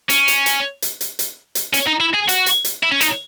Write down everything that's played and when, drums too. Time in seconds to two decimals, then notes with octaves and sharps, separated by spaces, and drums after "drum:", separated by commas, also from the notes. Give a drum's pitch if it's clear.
0.10 C#4, drum: hi-hat
0.28 drum: hi-hat
0.46 drum: hi-hat
0.82 drum: hi-hat
1.01 drum: hi-hat
1.19 drum: hi-hat
1.55 drum: hi-hat
1.74 C#4, drum: hi-hat
1.87 D#4
2.00 E4
2.14 G#4
2.29 F#4, drum: hi-hat
2.46 drum: hi-hat
2.64 drum: hi-hat
2.83 E4
2.92 C#4
3.01 D#4, drum: hi-hat